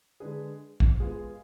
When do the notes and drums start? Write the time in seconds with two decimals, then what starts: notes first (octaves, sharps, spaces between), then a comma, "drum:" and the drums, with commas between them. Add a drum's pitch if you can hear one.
0.20 D3 G#3 D4 G#4 B4
0.80 drum: kick
1.00 G#3 B3 F4 G#4